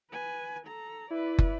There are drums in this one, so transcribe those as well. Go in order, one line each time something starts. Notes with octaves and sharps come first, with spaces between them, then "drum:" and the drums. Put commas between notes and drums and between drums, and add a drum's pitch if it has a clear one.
B4 G#5
A4 A#5
E4 B4 D5
drum: kick